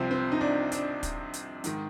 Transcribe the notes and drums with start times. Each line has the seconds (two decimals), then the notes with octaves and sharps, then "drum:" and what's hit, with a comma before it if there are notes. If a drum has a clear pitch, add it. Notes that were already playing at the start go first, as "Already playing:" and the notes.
Already playing: C2 C3 F3 C4
0.11 C4
0.32 D#4
0.41 D4
0.72 D4, drum: hi-hat
1.03 drum: kick, hi-hat
1.34 drum: hi-hat
1.64 G#2 D#3, drum: hi-hat